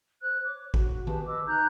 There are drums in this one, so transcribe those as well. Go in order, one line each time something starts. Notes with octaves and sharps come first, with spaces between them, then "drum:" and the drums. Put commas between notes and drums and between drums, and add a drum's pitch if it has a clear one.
C5 F#6
C#5 D6
F#4, drum: kick G#1
G4 G#4 B4 A5, drum: tom D#3
B4 D#5 D6 E6
D#4 A#5 F#6 G6